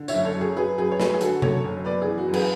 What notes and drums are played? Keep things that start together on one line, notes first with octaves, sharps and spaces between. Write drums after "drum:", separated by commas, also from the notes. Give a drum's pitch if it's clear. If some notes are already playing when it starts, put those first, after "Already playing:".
Already playing: D3
C#5 E5, drum: tambourine
F#1
A4 C#5
F#2
G#4
F#3 G#4 B4
F#2 G#4 B4
C#5
F#3 G#4 B4, drum: snare
G#4
D3 F#4 A4, drum: hi-hat
F#2 A4 C#5, drum: tom C3
F#1
B3 B4 D5
E3 G#4
F#4
F#2
G#4 B4, drum: cymbal